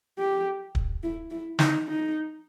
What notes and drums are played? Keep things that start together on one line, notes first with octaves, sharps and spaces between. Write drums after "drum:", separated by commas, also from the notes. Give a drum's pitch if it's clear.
G4
drum: kick
E4
E4
D#4, drum: snare
D#4